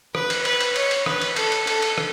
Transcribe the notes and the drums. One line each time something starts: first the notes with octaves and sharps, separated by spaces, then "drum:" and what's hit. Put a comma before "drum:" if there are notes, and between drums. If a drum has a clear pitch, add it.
B4, drum: rim click
drum: cymbal
B4, drum: cymbal
drum: cymbal
C#5, drum: cymbal
drum: cymbal
B4, drum: rim click
drum: cymbal
A4, drum: cymbal
drum: cymbal
A4, drum: cymbal
drum: cymbal
drum: rim click